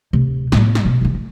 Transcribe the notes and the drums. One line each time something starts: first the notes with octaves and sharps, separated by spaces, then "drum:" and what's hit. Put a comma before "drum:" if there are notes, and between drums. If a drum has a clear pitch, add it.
D1 C3
A2 B3, drum: snare
drum: snare
B2
C3 E3
A3